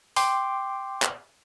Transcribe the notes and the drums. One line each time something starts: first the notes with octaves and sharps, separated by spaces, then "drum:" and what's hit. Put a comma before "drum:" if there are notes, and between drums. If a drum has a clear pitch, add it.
G5 C6 D6, drum: open hi-hat
drum: clap